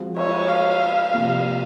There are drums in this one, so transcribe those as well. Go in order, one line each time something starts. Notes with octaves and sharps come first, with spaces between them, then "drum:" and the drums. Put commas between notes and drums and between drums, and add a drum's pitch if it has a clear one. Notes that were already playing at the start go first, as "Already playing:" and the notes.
Already playing: F3 G#3 C4 F#4
C#5, drum: cymbal
F5
C3 F3 A#3